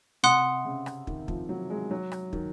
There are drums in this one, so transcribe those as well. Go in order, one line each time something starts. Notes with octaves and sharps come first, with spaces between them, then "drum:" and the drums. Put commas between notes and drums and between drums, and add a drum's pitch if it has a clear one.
C3 F#5 C6 D#6 F#6
C#3
drum: rim click
D#3, drum: kick
F3, drum: kick
F#3
G#3
F#3
drum: rim click
D#3, drum: kick